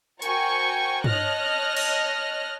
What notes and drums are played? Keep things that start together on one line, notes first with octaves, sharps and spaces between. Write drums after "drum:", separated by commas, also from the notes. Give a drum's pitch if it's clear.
F#4 A#4 C5 G5 G#5 C#6, drum: hi-hat
C#5 D#5 A5 F6 F#6 A#6, drum: tom G2
drum: cymbal